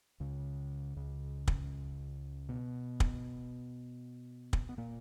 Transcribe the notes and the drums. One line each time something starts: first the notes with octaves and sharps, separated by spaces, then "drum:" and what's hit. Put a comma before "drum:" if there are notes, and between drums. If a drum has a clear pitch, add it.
C#2 C#3
C#2 C#3
drum: kick
B2 B3
drum: kick
drum: kick
B3
A#2 A#3